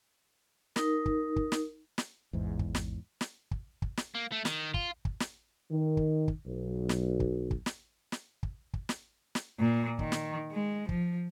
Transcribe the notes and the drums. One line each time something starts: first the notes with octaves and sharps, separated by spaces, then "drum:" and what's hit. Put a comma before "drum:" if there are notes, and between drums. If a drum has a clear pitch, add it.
D#4 A#4, drum: snare
drum: kick
drum: kick
drum: snare
drum: snare
A1 E2 G#2
drum: kick
drum: snare
drum: snare
drum: kick
drum: kick
drum: snare
A#3
A3
D#3, drum: snare
F4, drum: kick
drum: kick
drum: snare
D#3
drum: kick
drum: kick
B1
drum: snare
drum: kick
drum: kick
drum: snare
drum: snare
drum: kick
drum: kick
drum: snare
drum: snare
A#2
D#3, drum: kick
drum: snare
G#3
F3, drum: kick